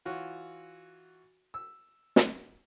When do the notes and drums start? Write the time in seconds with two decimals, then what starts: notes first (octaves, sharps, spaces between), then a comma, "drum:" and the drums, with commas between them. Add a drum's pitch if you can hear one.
0.05 E3 F4 F#4 C#5
1.54 E6
2.16 drum: snare